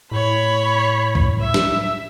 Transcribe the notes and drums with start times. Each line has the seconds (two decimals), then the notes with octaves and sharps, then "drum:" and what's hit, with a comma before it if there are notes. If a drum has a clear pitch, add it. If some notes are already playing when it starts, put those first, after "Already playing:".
0.12 A2 C#5 B5
1.15 drum: kick
1.40 E5
1.54 drum: snare